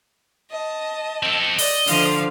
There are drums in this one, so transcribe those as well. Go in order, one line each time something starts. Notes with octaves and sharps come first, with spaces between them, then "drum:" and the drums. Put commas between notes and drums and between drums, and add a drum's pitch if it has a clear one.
D#5 A5
C4 A4
D5 D#5, drum: open hi-hat
D3 F3 F5, drum: open hi-hat